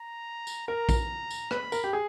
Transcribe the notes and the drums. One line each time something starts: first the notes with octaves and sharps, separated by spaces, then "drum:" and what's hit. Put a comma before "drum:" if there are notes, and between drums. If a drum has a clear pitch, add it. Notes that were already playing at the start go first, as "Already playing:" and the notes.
Already playing: A#5
drum: tambourine
A#4 A#5
drum: kick A#1, tambourine
drum: tambourine
B4 B5, drum: rim click
A#4, drum: tambourine
G4
G#4